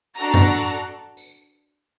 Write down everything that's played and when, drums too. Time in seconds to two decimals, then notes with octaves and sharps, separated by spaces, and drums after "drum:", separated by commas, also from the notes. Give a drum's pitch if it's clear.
0.16 D4 F#4 A4 A#5
0.34 drum: tom F#2
1.17 drum: tambourine